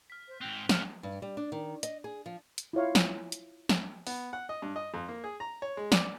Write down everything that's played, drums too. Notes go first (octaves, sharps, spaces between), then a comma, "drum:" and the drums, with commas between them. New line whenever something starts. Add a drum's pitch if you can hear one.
F6 B6
C5
G#2 C4 G5 F#6 F7 G7
C#3 F#4 F6, drum: snare
G2
G3
D4
D#3
D#5, drum: hi-hat
G#4
F3
drum: hi-hat
E4 F4 C#5 F5
drum: snare
drum: hi-hat
drum: snare
B3, drum: open hi-hat
F#5
D#5
G2
D#5
F2
A#3
G#4
A#5
C#5
G#3
D5, drum: snare